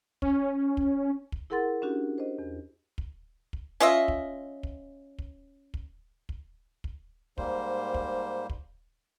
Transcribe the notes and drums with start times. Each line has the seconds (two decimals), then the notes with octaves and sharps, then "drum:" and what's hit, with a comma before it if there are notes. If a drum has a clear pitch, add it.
0.22 C#4, drum: kick
0.77 drum: kick
1.32 drum: kick
1.50 E4 G#4 A#4 F#5 C6 A6
1.82 C#4 D4 F#4 G4
2.18 C5 D#5
2.39 E2
2.98 drum: kick
3.53 drum: kick
3.80 C#4 F4 D#5 E5
4.08 drum: kick
4.63 drum: kick
5.19 drum: kick
5.74 drum: kick
6.29 drum: kick
6.84 drum: kick
7.38 G#2 G3 A#3 C5, drum: kick
7.94 drum: kick
8.50 drum: kick